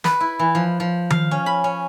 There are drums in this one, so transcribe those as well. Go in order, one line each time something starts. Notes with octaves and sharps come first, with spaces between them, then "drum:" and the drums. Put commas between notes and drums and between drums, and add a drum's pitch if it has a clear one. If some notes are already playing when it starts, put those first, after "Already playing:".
B4, drum: snare
E4
E3
F3
F3
F5, drum: tom D#3
C#4
B5
C#4